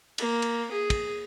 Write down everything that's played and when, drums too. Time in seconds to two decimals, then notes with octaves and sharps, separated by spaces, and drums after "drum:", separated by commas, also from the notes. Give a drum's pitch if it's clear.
0.18 A#3, drum: cymbal
0.42 drum: cymbal
0.71 G#4
0.90 drum: kick, cymbal